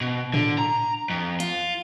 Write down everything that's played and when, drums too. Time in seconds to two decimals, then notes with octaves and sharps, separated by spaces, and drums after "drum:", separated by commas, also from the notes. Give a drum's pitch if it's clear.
0.01 B2
0.34 D3, drum: tom A2
0.58 A#5
1.10 F2
1.40 F4, drum: hi-hat